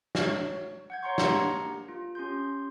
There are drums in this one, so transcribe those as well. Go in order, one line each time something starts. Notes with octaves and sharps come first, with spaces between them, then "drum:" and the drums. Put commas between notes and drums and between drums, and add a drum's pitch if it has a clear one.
F#4 C#5, drum: snare
F#5 G6 G#6
C#5 F#5 A#5 C6 C#6
A#3 D4 G4 A#4 A#5 C#7, drum: snare
F4
C#4 G4 C6 G6